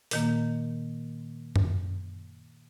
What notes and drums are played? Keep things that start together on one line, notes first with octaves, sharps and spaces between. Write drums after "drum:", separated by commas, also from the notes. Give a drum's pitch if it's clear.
A#2 D#3 A#3, drum: open hi-hat
drum: tom F#2